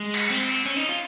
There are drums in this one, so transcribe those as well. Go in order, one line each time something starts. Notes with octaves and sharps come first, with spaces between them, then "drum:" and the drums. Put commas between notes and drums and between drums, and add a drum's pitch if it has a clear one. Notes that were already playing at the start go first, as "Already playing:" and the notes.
Already playing: G#3
drum: cymbal
C4
C#4
D#4
F4